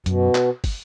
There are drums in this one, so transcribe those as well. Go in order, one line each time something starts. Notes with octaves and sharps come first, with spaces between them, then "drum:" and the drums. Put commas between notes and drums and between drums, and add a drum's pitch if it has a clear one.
F#2 B2, drum: hi-hat
drum: clap
drum: kick, open hi-hat